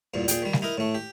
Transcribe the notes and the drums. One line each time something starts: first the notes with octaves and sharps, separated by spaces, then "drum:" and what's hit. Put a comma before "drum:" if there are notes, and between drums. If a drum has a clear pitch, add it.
E2 G2 A#2
A#2 G#4 G5, drum: hi-hat
D#3 G3
drum: snare
D#4 E4 A#4
A2 A3
G4